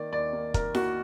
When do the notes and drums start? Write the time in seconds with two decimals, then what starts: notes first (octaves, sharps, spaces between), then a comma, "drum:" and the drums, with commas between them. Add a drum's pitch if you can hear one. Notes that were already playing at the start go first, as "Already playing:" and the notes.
Already playing: D#3 A#3 D5
0.12 D#2 D5
0.33 A#3
0.54 D#3 A#4, drum: kick, hi-hat
0.75 D#2 F#4, drum: snare E4